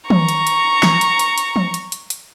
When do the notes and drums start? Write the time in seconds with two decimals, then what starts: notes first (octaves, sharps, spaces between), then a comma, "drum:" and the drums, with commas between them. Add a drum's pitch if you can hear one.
0.10 A#5 C#6, drum: tom
0.28 drum: hi-hat
0.47 drum: hi-hat
0.83 drum: snare E3
1.01 drum: hi-hat
1.19 drum: hi-hat
1.38 drum: hi-hat
1.56 drum: tom E3
1.74 drum: hi-hat
1.92 drum: hi-hat
2.10 drum: hi-hat